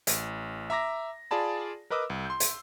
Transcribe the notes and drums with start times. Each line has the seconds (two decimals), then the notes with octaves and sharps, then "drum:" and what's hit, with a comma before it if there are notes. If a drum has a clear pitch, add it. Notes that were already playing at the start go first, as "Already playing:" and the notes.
0.07 A1, drum: hi-hat
0.70 E5 A#5 D6 A#6
1.31 F4 G#4 D5 A5 B5
1.90 A#4 B4 D#5 D6 E6
2.10 C2
2.26 C6 G6
2.40 drum: hi-hat